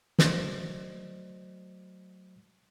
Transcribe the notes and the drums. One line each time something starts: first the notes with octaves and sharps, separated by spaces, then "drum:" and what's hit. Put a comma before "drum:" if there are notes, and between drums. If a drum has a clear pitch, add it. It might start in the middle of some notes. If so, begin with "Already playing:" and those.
F#3 A3 C5 D5 D#5, drum: snare